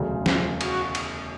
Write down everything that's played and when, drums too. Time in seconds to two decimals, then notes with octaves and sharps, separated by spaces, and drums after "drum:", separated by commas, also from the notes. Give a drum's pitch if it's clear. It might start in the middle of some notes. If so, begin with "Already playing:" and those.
Already playing: E1 D2 C#3 F#3
0.26 F4, drum: snare
0.61 F#4, drum: cymbal
0.95 drum: cymbal